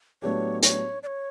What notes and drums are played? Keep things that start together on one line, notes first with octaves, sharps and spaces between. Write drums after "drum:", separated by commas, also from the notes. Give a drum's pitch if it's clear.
A2 F#3 B3 D4 G4 C#5
C#5, drum: hi-hat
D5
C#5